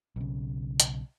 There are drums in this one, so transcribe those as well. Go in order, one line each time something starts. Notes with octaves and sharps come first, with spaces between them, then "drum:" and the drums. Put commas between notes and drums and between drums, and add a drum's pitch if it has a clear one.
B1 C#3
drum: hi-hat